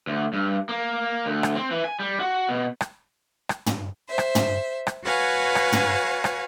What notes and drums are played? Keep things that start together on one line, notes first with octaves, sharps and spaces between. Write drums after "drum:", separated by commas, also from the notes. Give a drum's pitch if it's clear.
D2
G2
A#3
D2
drum: rim click
C4
E3
G#5
G3
F#4
B2
drum: rim click
drum: rim click
drum: tom
C5 E5
drum: rim click
drum: tom
drum: rim click
F#4 B4 C#5 F5 F#5 G#5
drum: rim click
drum: tom
drum: rim click